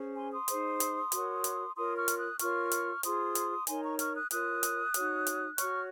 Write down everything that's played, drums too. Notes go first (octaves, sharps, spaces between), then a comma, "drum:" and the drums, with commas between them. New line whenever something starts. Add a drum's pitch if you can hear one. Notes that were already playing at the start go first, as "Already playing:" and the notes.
Already playing: C#4 G#4 C5
G#5 C6
C6 D#6
D#4 G#4 C5, drum: hi-hat
drum: hi-hat
F#4 A#4 C#5, drum: hi-hat
drum: hi-hat
F4 A#4 C#5 C6 D#6
C#6 F6
drum: hi-hat
D#6 F#6
F4 A#4 C#5 C#6 F6, drum: hi-hat
drum: hi-hat
F4 G#4 C5 C6 D#6, drum: hi-hat
drum: hi-hat
D#4 A#4 C#5 G#5 C6, drum: hi-hat
A#5 C#6
C#6 F6, drum: hi-hat
D#6 F#6
F4 A#4 C#5 D#6 F#6, drum: hi-hat
drum: hi-hat
D#4 F#4 C#5, drum: hi-hat
drum: hi-hat
F#4 C#5 C#6 F6, drum: hi-hat